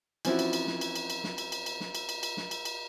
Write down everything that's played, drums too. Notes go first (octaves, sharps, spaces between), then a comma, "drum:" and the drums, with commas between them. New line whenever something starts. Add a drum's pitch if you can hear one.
E3 F3 C4 C#4 E4 F#4, drum: cymbal
drum: cymbal
drum: cymbal
drum: snare
drum: cymbal
drum: cymbal
drum: cymbal
drum: snare
drum: cymbal
drum: cymbal
drum: cymbal
drum: snare
drum: cymbal
drum: cymbal
drum: cymbal
drum: snare
drum: cymbal
drum: cymbal